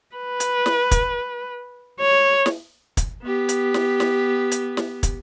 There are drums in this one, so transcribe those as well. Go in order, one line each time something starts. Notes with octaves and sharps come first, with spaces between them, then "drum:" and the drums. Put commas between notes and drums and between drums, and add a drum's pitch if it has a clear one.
B4
drum: hi-hat
drum: snare
drum: kick, hi-hat
C#5
drum: snare
drum: kick, hi-hat
B3 G4
drum: hi-hat
drum: snare
drum: snare
drum: hi-hat
drum: snare
drum: kick, hi-hat